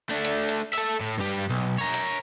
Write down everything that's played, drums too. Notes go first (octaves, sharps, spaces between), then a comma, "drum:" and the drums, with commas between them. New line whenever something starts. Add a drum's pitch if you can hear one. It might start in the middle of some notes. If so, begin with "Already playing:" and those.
A3 D4
drum: hi-hat
drum: hi-hat
A4 E5, drum: open hi-hat
A2
G2 G4
B1
A#4 C#5
drum: hi-hat